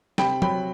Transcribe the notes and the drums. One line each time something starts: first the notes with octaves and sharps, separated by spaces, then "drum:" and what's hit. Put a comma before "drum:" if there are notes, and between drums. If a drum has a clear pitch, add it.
C3 G5 B5, drum: snare
F#3 G5 B5, drum: tom